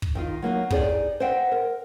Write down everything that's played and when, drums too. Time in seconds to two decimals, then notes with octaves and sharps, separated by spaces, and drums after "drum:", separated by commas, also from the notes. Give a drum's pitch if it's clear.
0.02 drum: kick
0.15 D#3 D#4 F4
0.42 F#3 A#3 D#4
0.70 D#4 G4 G#4 C5 D5, drum: kick
1.20 C5 D#5 E5 F#5 G5
1.52 A#4